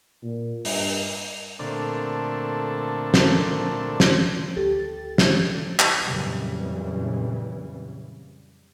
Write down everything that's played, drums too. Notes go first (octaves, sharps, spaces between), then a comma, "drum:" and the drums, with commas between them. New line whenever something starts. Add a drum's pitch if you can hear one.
A#2
G2, drum: open hi-hat
A#2 D3 A3 C4 D4
drum: snare
drum: snare
D2 G4 A4 A6
drum: snare
drum: clap
F2 A#2 C#3 E3 F#3 G3